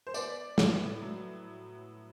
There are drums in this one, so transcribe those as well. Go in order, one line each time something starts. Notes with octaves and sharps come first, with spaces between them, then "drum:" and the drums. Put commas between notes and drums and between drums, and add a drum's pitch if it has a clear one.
C5
B3 D5, drum: tambourine
A2, drum: snare
F#3